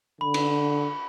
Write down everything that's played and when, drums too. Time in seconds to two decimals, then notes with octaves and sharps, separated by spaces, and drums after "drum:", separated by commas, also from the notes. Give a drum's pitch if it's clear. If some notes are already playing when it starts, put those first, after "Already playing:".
0.21 D3 B5
0.34 drum: cymbal